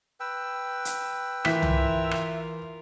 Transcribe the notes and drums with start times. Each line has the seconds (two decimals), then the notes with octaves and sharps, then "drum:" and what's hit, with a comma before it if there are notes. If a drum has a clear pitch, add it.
0.20 B4 G5 E6
0.85 drum: hi-hat
1.45 E3 F4 A#4 E5 B6, drum: rim click
1.62 drum: tom
2.11 drum: rim click